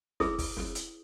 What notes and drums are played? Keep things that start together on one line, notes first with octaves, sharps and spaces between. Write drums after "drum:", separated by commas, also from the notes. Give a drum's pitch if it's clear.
E4 G#4 B4 D#6, drum: snare
drum: kick, open hi-hat
drum: snare
drum: hi-hat